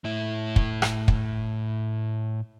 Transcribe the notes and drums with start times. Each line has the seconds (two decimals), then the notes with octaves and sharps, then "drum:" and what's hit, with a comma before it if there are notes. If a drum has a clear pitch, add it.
0.04 A2 E4
0.56 drum: kick
0.82 drum: rim click
1.08 drum: kick